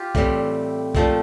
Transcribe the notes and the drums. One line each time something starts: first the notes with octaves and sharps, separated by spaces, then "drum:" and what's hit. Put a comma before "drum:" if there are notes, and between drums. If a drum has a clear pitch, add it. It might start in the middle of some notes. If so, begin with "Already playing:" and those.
Already playing: F4 G4
A2 E3 G3 C4, drum: kick B1
A#2 F3 A3 C4, drum: kick B1